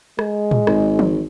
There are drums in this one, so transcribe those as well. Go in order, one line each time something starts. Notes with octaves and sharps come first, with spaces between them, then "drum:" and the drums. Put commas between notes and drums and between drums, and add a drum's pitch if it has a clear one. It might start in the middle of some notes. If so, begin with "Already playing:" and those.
G#3, drum: rim click
drum: tom A2
G#1, drum: rim click
drum: tom E3